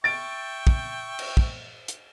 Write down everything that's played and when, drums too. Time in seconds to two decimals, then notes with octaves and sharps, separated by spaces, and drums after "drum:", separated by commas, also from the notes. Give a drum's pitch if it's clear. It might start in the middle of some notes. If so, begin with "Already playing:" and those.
0.04 E5 G5 C#6 A6 D7
0.67 drum: kick
1.19 drum: cymbal
1.37 drum: kick
1.88 drum: hi-hat